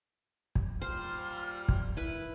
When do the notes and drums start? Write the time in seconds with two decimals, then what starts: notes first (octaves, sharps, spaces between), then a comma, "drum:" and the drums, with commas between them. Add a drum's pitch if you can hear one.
0.55 drum: kick
0.81 A#2 G3 F4 C5 F6
1.68 drum: kick
1.97 E4 A#4 B4